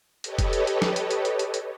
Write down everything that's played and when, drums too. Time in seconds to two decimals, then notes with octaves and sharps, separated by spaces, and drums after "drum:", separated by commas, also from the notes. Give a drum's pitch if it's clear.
0.24 G4 A4 B4 C#5 D#5, drum: hi-hat
0.39 drum: kick F1, hi-hat
0.53 drum: hi-hat
0.67 drum: hi-hat
0.82 drum: snare
0.96 drum: hi-hat
1.11 drum: hi-hat
1.25 drum: hi-hat
1.39 drum: hi-hat
1.54 drum: hi-hat